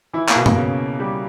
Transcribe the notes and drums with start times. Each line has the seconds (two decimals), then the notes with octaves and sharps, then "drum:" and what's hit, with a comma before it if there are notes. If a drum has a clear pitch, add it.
0.14 E3 E4
0.29 A#3, drum: clap
0.35 B2 B3
0.46 drum: tom G2
0.56 C#3 C#4
0.99 G3 G4